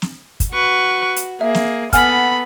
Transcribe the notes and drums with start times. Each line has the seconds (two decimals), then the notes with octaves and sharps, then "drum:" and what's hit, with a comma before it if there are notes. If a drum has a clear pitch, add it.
0.02 drum: snare
0.40 drum: kick, hi-hat
0.54 F#4 B4 C#6
1.16 drum: hi-hat
1.41 A#3 G#4 E5
1.54 drum: snare
1.93 B3 A4 F#5 G#5 B5 F6, drum: kick, hi-hat